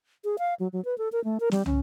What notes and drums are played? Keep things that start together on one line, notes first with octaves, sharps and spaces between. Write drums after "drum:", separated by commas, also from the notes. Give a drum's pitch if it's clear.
G#4
F5
F#3
F#3
B4
A4
A#4
A3
A#4
G3, drum: snare
C#4, drum: tom